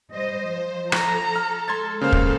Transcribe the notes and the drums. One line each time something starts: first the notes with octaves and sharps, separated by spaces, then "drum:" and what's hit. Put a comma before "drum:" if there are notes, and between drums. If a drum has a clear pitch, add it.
G3 C5 D#5
F3
A4 A#5, drum: rim click
F6
G#3 C6 G#6 A6
C#3 A#3 A4 C5 F5
drum: kick